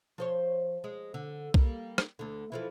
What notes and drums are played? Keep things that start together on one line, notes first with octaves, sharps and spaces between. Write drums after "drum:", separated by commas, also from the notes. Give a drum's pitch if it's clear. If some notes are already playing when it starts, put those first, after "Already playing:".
F3 C5 C#5
G#3
D3
G3 A#3, drum: kick B1
drum: rim click
D2 D3
E3 F3 A4